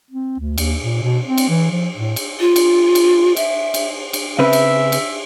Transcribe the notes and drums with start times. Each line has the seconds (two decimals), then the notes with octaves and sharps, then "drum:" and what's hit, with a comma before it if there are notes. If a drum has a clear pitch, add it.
0.10 C4
0.39 D2
0.58 D#2, drum: cymbal
0.83 A#2
1.02 B2
1.25 C4
1.38 drum: cymbal
1.49 E3
1.71 F3
1.97 A2
2.16 drum: cymbal
2.40 F4
2.56 drum: cymbal
2.95 drum: cymbal
3.36 E5, drum: cymbal
3.74 drum: cymbal
4.13 drum: cymbal
4.39 C#3 C4 B4 E5
4.53 drum: cymbal
4.92 drum: cymbal